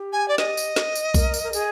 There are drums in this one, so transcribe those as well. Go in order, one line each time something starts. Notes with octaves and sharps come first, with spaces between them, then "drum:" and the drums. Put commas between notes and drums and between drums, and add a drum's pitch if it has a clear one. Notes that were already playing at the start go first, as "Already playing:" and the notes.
Already playing: G4
G#5
D5
D#5, drum: snare
drum: tambourine
drum: snare
drum: tambourine
A#4, drum: kick B1, tambourine
drum: tambourine
A#4
G#4, drum: tambourine